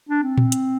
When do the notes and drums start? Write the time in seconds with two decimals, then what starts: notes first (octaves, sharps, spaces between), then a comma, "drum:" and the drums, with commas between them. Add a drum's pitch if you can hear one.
0.09 D4
0.23 C4
0.38 drum: tom A#2
0.52 drum: hi-hat